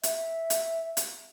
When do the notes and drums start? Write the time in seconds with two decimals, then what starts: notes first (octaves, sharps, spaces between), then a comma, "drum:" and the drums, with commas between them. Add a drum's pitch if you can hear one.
0.03 E5, drum: hi-hat
0.50 drum: hi-hat
0.97 drum: hi-hat